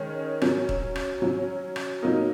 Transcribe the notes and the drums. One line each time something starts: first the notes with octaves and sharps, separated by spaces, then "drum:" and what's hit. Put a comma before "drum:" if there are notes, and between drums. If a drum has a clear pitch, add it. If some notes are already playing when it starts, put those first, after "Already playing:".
Already playing: D#3 G#3 C#4
F#3 C#4, drum: rim click
drum: kick D#1
drum: rim click
F#3 C#4
drum: rim click
F#3 A#3 D#4